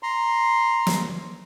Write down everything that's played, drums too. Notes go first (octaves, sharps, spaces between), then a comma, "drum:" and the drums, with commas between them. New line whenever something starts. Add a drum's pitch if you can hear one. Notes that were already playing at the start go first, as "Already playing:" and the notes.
A#5 C6
drum: snare